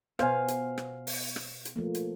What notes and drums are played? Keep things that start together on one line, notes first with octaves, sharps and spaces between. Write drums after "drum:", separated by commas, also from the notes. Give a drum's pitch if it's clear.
B2 B3 C5 C#5 F5 G#5, drum: rim click
drum: hi-hat
drum: rim click
drum: open hi-hat
drum: rim click
drum: hi-hat
F3 A3 A#3
drum: hi-hat